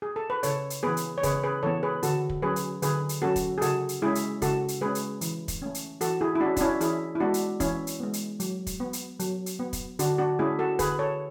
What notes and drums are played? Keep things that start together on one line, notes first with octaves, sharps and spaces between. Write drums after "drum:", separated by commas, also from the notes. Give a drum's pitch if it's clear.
G#4
A4
B4
C#3 A4 C#5, drum: hi-hat
drum: hi-hat
E3 B3 G#4 B4
drum: hi-hat
C#5
C#3 G#4 B4, drum: kick, hi-hat
G#4 B4
E3 B3 A4 C#5
G#4 B4
D3 F#4 A4, drum: hi-hat
drum: kick
F#3 C#4 G#4 B4
drum: hi-hat
D3 G#4 B4, drum: hi-hat
drum: hi-hat
F#3 C#4 F#4 A4
drum: kick, hi-hat
G#4
C#3 F#4 A4, drum: hi-hat
drum: hi-hat
G#3 C#4 E4 G#4
drum: hi-hat
C#3 F#4 A4, drum: kick, hi-hat
drum: hi-hat
G#3 C#4 G#4 B4
drum: hi-hat
E3, drum: hi-hat
drum: kick, hi-hat
A3 C#4
drum: hi-hat
E3 F#4 A4, drum: hi-hat
E4 G#4
E4
A3 C#4 D4 F#4
D4, drum: kick, hi-hat
C#4 E4
E3 E4 G#4, drum: hi-hat
E4
G#3 B3 D4 F#4
drum: hi-hat
E3 C#4 E4, drum: kick, hi-hat
drum: hi-hat
G#3 B3
drum: hi-hat
F#3, drum: hi-hat
drum: kick, hi-hat
B3
drum: hi-hat
F#3, drum: hi-hat
drum: hi-hat
B3
drum: kick, hi-hat
D3 D4 F#4, drum: hi-hat
D4 F#4
A3 C#4 E4 G#4
F#4 A4
D3 G#4 B4, drum: kick, hi-hat
A4 C#5